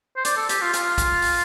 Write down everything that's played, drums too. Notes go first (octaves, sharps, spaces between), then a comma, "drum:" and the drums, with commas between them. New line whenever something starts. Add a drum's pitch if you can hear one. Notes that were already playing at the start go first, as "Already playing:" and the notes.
C5
D5, drum: hi-hat
A4
G4, drum: hi-hat
F4
F4, drum: hi-hat
drum: kick, hi-hat
drum: open hi-hat